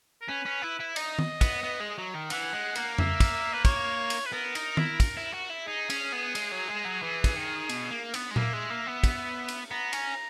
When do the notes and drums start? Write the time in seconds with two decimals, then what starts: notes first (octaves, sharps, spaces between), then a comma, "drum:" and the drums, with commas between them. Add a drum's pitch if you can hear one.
0.21 A#4
0.29 C#4 B4
0.46 C#4
0.62 E4
0.79 E4
0.96 D#4 D#5, drum: cymbal
1.19 drum: tom D#3
1.41 B3, drum: kick, cymbal
1.63 B3
1.80 G#3
1.98 F#3
2.14 D#3
2.30 E3 F#5, drum: cymbal
2.53 G#3
2.75 A#3, drum: cymbal
2.98 E5, drum: tom F2
3.20 drum: kick, cymbal
3.53 B4
3.65 C#5, drum: kick, cymbal
4.10 drum: cymbal
4.26 B4
4.32 B3 A#4
4.55 D#4, drum: cymbal
4.77 E4, drum: tom D#3
5.00 drum: kick, cymbal
5.17 E4
5.33 F#4
5.50 E4
5.67 D#4 G#4
5.90 C#4, drum: cymbal
6.12 B3
6.35 G#3, drum: cymbal
6.52 F#3
6.68 G#3
6.85 F#3
7.02 E3
7.24 drum: kick, cymbal
7.36 D#3
7.69 B2, drum: cymbal
7.91 A#3
8.14 B3, drum: cymbal
8.31 G#3
8.36 A#3 E5, drum: tom A#2
8.53 G#3
8.70 A#3
8.87 B3
9.04 drum: kick, cymbal
9.48 drum: cymbal
9.71 B3 A#5
9.93 C#4, drum: cymbal